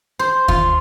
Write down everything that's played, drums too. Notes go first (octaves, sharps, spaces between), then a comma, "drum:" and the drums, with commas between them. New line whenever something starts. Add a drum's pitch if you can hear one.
C5
F4, drum: kick